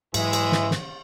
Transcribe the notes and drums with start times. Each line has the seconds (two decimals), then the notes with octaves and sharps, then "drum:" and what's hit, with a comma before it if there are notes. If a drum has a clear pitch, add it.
0.14 G#2 E3 F#3 G#3 E5, drum: cymbal
0.33 drum: cymbal
0.52 drum: snare
0.71 drum: snare